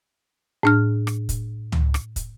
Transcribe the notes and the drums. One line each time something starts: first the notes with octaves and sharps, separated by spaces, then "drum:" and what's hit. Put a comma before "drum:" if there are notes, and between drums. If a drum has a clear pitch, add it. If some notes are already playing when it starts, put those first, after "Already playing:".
A2 D4 F6
drum: rim click
drum: kick, hi-hat
drum: tom C#2
drum: rim click
drum: kick, hi-hat